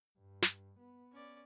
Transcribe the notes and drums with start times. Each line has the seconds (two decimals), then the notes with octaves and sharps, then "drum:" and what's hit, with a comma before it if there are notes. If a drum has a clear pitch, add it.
0.18 G2
0.42 drum: snare
0.79 B3
1.12 C#4 D5